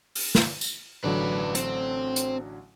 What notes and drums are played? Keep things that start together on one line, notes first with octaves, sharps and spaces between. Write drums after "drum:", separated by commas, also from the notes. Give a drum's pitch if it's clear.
drum: open hi-hat
drum: snare
drum: tambourine
A1 D3 F#3 B4 D5
C4, drum: hi-hat
drum: hi-hat